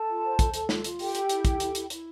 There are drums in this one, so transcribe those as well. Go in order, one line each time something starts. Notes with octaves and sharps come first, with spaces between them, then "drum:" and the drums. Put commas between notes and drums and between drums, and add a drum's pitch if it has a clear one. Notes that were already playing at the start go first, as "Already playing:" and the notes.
Already playing: A4 A5
F4
C5
A4, drum: kick, hi-hat
A4, drum: hi-hat
F4, drum: snare
F4, drum: hi-hat
G4 A4 G5, drum: open hi-hat
A4, drum: hi-hat
E4, drum: hi-hat
A4, drum: kick, hi-hat
E4, drum: hi-hat
E4, drum: hi-hat
E4, drum: hi-hat